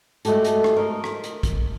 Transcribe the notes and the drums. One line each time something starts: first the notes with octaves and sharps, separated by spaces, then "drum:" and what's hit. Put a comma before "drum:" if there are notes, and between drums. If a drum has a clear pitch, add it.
G#3 A3 F#4 G4 A4, drum: hi-hat
drum: hi-hat
drum: rim click
A#4 D#5
drum: rim click
drum: hi-hat
drum: kick, hi-hat